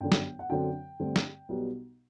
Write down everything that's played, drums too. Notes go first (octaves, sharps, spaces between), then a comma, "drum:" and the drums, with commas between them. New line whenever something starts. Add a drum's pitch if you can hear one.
G1 F#2 D3 G5
drum: snare
F#5
F#2 D3 F#3 C4 G5
G2 D3 A3 C4
drum: snare
B1 B2 G3 B3